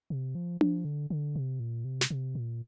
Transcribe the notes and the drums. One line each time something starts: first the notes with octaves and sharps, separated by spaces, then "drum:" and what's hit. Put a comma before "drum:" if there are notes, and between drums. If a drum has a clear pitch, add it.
C3
F3
F3, drum: tom D4
D3
D3
C3
A#2
C3
drum: snare
C3
A#2